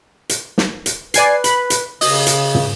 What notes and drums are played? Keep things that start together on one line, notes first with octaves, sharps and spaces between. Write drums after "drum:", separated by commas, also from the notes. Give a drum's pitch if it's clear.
drum: hi-hat
drum: snare
drum: hi-hat
B4 D5 G#5 C7, drum: hi-hat
B5, drum: hi-hat
drum: hi-hat
C#3 D#5, drum: open hi-hat
drum: hi-hat
drum: tom